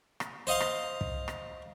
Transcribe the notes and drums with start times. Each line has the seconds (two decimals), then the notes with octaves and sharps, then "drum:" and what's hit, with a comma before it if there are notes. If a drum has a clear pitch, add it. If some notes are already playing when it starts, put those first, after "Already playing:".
0.20 drum: rim click
0.47 C5 D#5 F5 C6
0.60 drum: rim click
1.01 drum: kick
1.28 drum: rim click